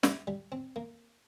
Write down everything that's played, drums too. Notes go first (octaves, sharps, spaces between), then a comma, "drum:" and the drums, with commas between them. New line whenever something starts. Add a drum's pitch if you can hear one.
G3, drum: snare
G3
C4
A#3